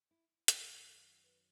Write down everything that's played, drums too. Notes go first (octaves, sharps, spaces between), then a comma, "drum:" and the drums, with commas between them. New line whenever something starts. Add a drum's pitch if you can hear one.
E4
F#2 D#3 F#3 A4, drum: hi-hat
B4